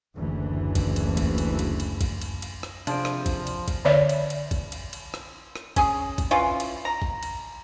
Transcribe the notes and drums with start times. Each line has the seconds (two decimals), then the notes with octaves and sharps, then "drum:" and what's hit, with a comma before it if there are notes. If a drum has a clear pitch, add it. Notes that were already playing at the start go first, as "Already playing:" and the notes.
0.16 F#1 D2 E3
0.75 drum: kick A1, cymbal
0.96 drum: cymbal
1.17 drum: kick A1, cymbal
1.38 drum: cymbal
1.59 drum: cymbal
1.80 drum: cymbal
2.01 drum: kick A1, cymbal
2.21 drum: cymbal
2.42 drum: cymbal
2.63 drum: rim click
2.87 C3 F3 D4 G#4 D5, drum: cymbal
3.05 drum: rim click
3.26 drum: kick A1, cymbal
3.47 drum: cymbal
3.68 drum: kick A1, cymbal
3.85 D3 C#5 D5 E5
4.09 drum: cymbal
4.30 drum: cymbal
4.51 drum: kick A1, cymbal
4.72 drum: cymbal
4.93 drum: cymbal
5.14 drum: rim click
5.56 drum: rim click
5.76 C#4 G#4, drum: kick A1, cymbal
6.18 drum: kick A1, cymbal
6.31 E3 C#4 F4
6.60 drum: cymbal
6.85 A#5
7.02 drum: kick A1
7.23 drum: cymbal